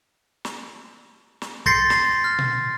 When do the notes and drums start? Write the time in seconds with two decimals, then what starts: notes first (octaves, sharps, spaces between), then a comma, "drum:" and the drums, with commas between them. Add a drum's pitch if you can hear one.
0.45 drum: snare
1.42 drum: snare
1.66 C6 G6 A6 A#6 C7 C#7, drum: kick
1.90 drum: snare
2.24 F6
2.39 drum: tom A#2